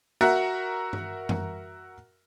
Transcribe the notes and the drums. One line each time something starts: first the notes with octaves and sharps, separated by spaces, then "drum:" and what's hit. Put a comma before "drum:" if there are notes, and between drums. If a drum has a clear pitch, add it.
F#4 A#4 E5 F#5
drum: tom G2
drum: tom F#2